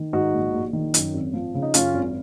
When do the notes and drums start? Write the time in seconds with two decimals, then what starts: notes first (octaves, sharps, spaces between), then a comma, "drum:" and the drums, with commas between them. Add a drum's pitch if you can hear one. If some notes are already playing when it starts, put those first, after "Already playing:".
Already playing: D#3
0.13 G#2 D#4 F#4
0.33 A#1
0.54 A#1
0.73 D#3
0.94 F#2, drum: hi-hat
1.14 G#1
1.33 F3
1.54 C#3
1.62 D#4
1.74 F#2 C#4 F4, drum: hi-hat
1.94 G#1